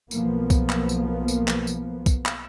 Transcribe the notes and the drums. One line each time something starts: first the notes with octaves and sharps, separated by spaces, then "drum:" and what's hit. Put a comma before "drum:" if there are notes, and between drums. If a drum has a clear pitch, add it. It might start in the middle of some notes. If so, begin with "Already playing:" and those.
B1 F3 A#3 B3, drum: tambourine
drum: kick, tambourine
drum: clap
drum: tambourine
drum: tambourine
drum: clap
drum: tambourine
drum: kick, tambourine
drum: clap